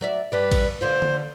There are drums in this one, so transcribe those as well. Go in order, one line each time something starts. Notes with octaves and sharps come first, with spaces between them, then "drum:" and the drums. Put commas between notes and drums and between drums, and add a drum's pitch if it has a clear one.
F#3 D5 E5
G2 G3 B4 D5
drum: kick A1, cymbal
D3 C#4 F4 C5
drum: tom D3